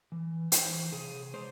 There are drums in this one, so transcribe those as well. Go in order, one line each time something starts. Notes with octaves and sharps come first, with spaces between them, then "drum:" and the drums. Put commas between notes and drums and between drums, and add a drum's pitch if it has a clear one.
E3
E3 C5, drum: hi-hat
C3 G#4
G#3 C5